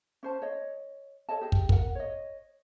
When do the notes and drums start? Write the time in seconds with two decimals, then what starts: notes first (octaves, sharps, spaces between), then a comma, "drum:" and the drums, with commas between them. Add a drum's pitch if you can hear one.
0.23 C#4 C5 A5
0.42 C#5 D#5
1.29 A4 C#5 D#5 A5
1.41 G4 G#4 D#5
1.52 drum: kick
1.69 A#4 F#5, drum: kick
1.95 C#5 D#5